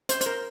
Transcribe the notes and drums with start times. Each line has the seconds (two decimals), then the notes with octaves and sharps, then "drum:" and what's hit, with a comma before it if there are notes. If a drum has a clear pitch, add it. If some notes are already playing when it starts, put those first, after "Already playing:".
0.09 C5, drum: hi-hat
0.21 C5, drum: hi-hat
0.26 A#4